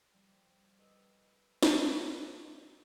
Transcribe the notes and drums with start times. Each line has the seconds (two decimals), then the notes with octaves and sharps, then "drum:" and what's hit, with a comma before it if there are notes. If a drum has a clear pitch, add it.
0.14 F3 G3
0.78 G4 A4 B4 D#5 D#6 E6
1.63 drum: snare
1.94 B3